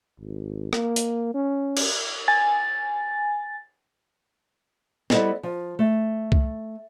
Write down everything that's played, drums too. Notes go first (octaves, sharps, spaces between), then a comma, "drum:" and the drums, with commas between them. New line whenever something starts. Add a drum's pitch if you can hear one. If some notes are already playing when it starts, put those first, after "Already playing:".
G#1
A#3, drum: rim click
drum: hi-hat
C#4
drum: cymbal
G#5 A6
G3 B3 E4 A4 C5 D#5, drum: snare
F3
A3
drum: kick C2